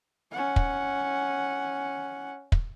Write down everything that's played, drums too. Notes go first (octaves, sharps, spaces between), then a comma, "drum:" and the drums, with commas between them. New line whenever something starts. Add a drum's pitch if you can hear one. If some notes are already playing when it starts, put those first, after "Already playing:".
C#4 F#5
drum: kick
drum: kick